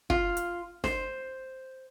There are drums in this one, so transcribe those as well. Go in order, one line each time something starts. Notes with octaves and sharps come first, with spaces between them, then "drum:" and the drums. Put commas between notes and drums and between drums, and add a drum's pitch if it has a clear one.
F4, drum: kick
drum: hi-hat
C5, drum: snare